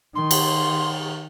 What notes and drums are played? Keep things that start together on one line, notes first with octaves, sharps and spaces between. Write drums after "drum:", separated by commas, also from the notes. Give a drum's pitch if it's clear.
D#3 C6
drum: cymbal